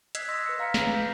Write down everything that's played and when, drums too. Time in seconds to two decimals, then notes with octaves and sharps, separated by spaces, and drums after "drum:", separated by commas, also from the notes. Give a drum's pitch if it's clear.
0.15 D#5 E6 F#6 G#6 B6 C7, drum: hi-hat
0.29 C6 D#6 E6 A#6 B6
0.46 B4 C#7
0.59 B4 F5 A#5 F6 B6 C#7
0.74 A#6 C7, drum: snare
0.88 G6 B6